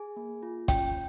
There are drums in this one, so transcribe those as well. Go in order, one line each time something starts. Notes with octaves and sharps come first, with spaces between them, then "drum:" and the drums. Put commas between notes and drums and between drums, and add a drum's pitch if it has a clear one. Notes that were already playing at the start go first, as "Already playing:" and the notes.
Already playing: G#4 G#5
A#3
F4
C#4 G5, drum: kick, hi-hat